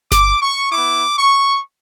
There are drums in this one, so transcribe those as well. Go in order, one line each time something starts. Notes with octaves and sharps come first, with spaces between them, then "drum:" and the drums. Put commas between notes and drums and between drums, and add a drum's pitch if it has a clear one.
D6, drum: snare G1
C#6
B3 E4 D6
C#6